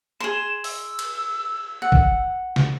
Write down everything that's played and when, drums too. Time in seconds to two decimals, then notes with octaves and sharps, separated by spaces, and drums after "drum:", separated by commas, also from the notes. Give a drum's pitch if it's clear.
0.20 G#4 C6 E7
0.64 E6, drum: open hi-hat
0.99 drum: cymbal
1.82 F#5
1.92 drum: kick
2.56 drum: snare